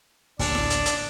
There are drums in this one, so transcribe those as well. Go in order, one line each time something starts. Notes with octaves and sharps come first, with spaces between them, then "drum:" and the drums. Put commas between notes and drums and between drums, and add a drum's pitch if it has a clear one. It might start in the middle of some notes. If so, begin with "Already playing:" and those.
A1 D2 A#3 D4, drum: kick, open hi-hat
drum: snare E4
drum: hi-hat
drum: hi-hat